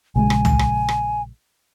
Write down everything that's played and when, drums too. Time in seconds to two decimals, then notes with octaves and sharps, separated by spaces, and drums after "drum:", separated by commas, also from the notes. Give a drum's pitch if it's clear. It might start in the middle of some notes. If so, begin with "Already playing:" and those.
0.16 A#1 C#3 G#3 G#5
0.30 drum: rim click
0.45 drum: tom
0.59 drum: rim click
0.89 drum: rim click